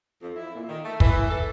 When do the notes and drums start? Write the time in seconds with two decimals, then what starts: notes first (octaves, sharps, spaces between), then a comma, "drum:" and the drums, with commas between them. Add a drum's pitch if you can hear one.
0.22 F2
0.36 E4
0.55 A#2
0.69 D#3
0.85 A3
1.00 E3, drum: kick
1.30 A4